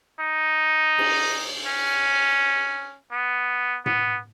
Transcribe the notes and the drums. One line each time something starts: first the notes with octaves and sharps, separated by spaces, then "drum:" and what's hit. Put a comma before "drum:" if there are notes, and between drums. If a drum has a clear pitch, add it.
D#4
drum: cymbal
C#4
B3
B3, drum: tom A2